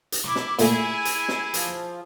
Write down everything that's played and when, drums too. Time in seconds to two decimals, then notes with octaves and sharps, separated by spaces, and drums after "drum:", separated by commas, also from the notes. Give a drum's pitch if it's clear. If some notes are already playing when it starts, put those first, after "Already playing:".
0.12 drum: hi-hat
0.24 E4 C#6 D6
0.36 drum: snare
0.59 A#2 A3 E4 G#4 G#5, drum: hi-hat
1.05 drum: hi-hat
1.28 drum: snare
1.54 F3, drum: hi-hat